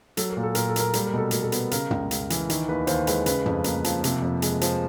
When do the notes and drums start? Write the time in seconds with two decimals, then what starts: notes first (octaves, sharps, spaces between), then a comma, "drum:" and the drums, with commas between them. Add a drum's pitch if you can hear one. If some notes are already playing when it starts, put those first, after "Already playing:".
0.17 F#3 A4, drum: hi-hat
0.30 A#4
0.37 A#2
0.43 A4
0.55 A#2 A#4, drum: hi-hat
0.68 A4
0.76 A#3 A#4, drum: hi-hat
0.93 G3 A4, drum: hi-hat
1.06 A#4
1.13 B2 A4
1.31 B2 A#4, drum: hi-hat
1.43 A4
1.52 B3, drum: hi-hat
1.71 C#3 A#4, drum: hi-hat
1.91 C#2, drum: tom
2.11 C#2, drum: hi-hat
2.30 E3, drum: hi-hat
2.50 D#3, drum: hi-hat
2.69 D#2 B4
2.87 D#2 C5, drum: hi-hat
3.07 G#3 B4, drum: hi-hat
3.26 C#3 B4, drum: hi-hat
3.46 F2, drum: tom
3.64 A#3, drum: hi-hat
3.84 F3, drum: hi-hat
4.04 C3, drum: hi-hat
4.22 F2
4.42 G#3, drum: hi-hat
4.61 F3, drum: hi-hat